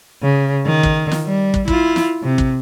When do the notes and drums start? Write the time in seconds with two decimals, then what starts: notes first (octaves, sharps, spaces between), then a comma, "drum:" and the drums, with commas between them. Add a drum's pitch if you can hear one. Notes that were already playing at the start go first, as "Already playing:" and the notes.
0.23 C#3
0.65 D#3
0.83 drum: kick
1.11 drum: snare
1.26 G3
1.54 drum: kick
1.68 E4 F4, drum: kick
1.96 drum: snare
2.23 C3
2.38 drum: kick